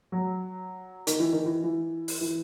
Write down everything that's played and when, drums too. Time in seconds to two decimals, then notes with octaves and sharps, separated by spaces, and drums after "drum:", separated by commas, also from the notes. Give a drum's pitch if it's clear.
0.12 F#3
1.07 D#3, drum: hi-hat
1.20 E3
1.33 D#3
1.46 E3
1.64 E3
2.08 drum: open hi-hat
2.21 E3